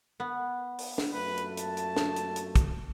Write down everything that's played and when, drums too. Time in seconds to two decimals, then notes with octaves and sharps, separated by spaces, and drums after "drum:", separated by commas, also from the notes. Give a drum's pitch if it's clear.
0.20 B3
0.78 drum: open hi-hat
0.98 drum: snare
1.14 F#2 A#2 A3 B4
1.37 drum: hi-hat
1.57 A5, drum: hi-hat
1.77 drum: hi-hat
1.96 drum: snare
2.16 drum: hi-hat
2.36 drum: hi-hat
2.55 drum: kick, hi-hat